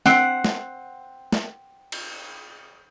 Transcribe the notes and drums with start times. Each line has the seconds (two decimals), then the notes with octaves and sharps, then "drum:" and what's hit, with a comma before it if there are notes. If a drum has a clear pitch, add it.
0.06 C4 F#5, drum: snare
0.44 drum: snare
1.32 drum: snare
1.92 drum: cymbal